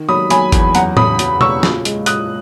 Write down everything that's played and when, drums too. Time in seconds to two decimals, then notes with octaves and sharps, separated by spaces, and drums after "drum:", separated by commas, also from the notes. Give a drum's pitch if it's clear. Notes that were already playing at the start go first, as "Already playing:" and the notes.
Already playing: D#3
0.09 F#3 B5 D#6
0.30 F#3 G#5 B5, drum: hi-hat
0.52 E2, drum: kick G1, hi-hat
0.75 F#2 F#5 A#5, drum: hi-hat
0.97 C#3 B5 D#6, drum: tom A2
1.19 F#3, drum: hi-hat
1.41 C#3 C#6 E6, drum: tom B2
1.63 A#2, drum: snare
1.85 G#3, drum: hi-hat
2.06 A#2 D#6 F#6, drum: hi-hat